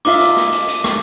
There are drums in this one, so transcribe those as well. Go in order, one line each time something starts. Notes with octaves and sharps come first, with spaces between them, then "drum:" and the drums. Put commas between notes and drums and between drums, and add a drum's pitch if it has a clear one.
D#4 F4 E5 D6, drum: open hi-hat
drum: hi-hat
drum: rim click
drum: hi-hat
drum: hi-hat
drum: rim click